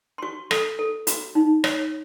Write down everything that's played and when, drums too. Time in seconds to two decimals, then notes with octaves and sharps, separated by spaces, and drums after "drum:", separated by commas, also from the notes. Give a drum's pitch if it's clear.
0.18 C6
0.22 F#4 C#6
0.51 A4, drum: rim click
0.79 A4
1.07 F#4, drum: hi-hat
1.35 D#4
1.64 C#5, drum: rim click